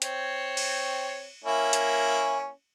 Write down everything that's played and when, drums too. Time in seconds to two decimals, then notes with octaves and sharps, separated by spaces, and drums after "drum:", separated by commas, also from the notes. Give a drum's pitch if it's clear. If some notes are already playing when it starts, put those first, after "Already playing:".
0.02 C4 C#5, drum: hi-hat
0.57 drum: cymbal
1.44 A#3 C#4 E4
1.73 drum: hi-hat